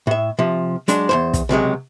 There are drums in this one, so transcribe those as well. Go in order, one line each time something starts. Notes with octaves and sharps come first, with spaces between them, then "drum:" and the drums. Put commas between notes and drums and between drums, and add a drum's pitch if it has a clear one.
A2 E5
C3 F3
F#3 G#3 D4, drum: hi-hat
E2 G2 C5
drum: kick, hi-hat
C#2 C3 F#3 G#3